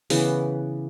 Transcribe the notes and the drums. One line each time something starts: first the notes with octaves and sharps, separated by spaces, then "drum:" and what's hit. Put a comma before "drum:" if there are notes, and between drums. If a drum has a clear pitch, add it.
C#3 E3 B3, drum: open hi-hat